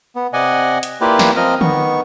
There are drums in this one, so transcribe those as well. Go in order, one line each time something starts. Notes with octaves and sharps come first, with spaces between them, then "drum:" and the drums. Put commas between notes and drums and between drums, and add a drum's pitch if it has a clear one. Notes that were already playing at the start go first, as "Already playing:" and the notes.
B3
C3 D5 D#5 F#5 G#5
drum: hi-hat
A#3 E4 F4 G4 B4 D5
drum: snare
F3 C4 A#4 D#5 F6
D#3 B3 C#6, drum: tom D3